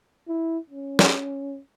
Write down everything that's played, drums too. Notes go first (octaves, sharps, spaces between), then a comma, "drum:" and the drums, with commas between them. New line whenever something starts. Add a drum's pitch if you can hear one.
E4
C#4
drum: snare